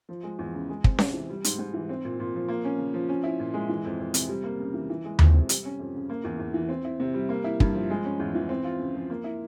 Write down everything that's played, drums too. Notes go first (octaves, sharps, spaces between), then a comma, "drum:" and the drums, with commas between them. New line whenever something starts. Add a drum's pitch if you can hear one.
F3
G#3
E2
C#3
G#3
C4, drum: kick
C3, drum: snare C#4
E3
G3
G#2, drum: hi-hat
G#2
E3
C4
A#2
A#2
F3
A#3
C#4
C#3
F3
C#4
E4
A#2
G#3
E3
F2
F2
C3, drum: hi-hat
G3
A#3
C#3
E3
E3
G#3
F2, drum: tom D#2
C3
G3, drum: hi-hat
C#4
F2
C#3
A#3
E2
E2
E3
C4
E4
C3
G3
A#3
E4
G2, drum: kick
F3
G#3
C#4
E2
E3
C4
F4
C#3
F3
A#3
E4